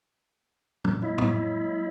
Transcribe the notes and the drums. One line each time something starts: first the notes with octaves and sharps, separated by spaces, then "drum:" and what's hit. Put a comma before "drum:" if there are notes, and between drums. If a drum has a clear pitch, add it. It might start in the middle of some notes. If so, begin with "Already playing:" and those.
drum: tom
F#3 G#3 A#3 E4
drum: tom